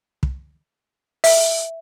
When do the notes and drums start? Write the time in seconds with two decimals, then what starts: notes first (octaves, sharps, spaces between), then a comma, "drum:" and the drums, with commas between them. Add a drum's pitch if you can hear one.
0.23 drum: kick
1.24 E5, drum: open hi-hat